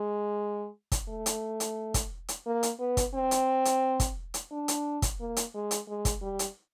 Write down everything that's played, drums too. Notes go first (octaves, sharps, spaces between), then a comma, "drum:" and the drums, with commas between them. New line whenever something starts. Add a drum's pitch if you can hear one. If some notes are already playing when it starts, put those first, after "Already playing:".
Already playing: G#3
drum: kick, hi-hat
A3
drum: hi-hat
drum: hi-hat
drum: kick, hi-hat
drum: hi-hat
A#3
drum: hi-hat
B3
drum: kick, hi-hat
C4
drum: hi-hat
drum: hi-hat
drum: kick, hi-hat
drum: hi-hat
D4
drum: hi-hat
drum: kick, hi-hat
A#3
drum: hi-hat
G#3
drum: hi-hat
G#3
drum: kick, hi-hat
G3
drum: hi-hat